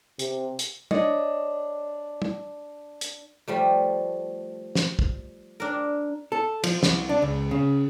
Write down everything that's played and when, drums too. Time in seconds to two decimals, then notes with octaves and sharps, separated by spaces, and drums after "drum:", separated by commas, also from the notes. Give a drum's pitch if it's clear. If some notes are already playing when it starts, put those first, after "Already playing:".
0.19 C3, drum: hi-hat
0.59 drum: hi-hat
0.91 D4 C#5 D#5, drum: tom
2.22 drum: tom
3.01 drum: hi-hat
3.48 F3 G3 A3
4.75 drum: snare
4.99 drum: kick
5.60 D4 A#4
6.32 A4
6.64 F3, drum: cymbal
6.83 C2, drum: snare
7.09 D4
7.22 C#2
7.51 C#3